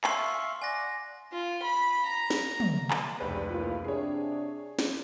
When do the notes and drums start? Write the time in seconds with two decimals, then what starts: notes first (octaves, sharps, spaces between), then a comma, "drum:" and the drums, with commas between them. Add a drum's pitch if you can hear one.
0.04 E5 F5 C6 C#6 C7, drum: clap
0.62 D5 F#5 G#5 A#6
1.32 F4
1.64 B5
2.07 A#5
2.30 drum: snare
2.60 drum: tom
2.91 drum: clap
3.20 F1 C#2 G3 B4
3.50 E3 A#3 F4
3.84 C3 D4 G#4 C#5
4.79 drum: snare